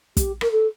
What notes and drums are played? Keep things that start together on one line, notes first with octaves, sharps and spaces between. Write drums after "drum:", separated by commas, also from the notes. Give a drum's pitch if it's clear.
G4, drum: kick, hi-hat
A#4, drum: rim click
A4